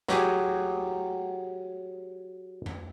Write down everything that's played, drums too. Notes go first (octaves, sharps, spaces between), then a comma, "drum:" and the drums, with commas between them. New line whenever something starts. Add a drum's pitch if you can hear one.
F#3 G4 G#4, drum: snare
drum: tom F2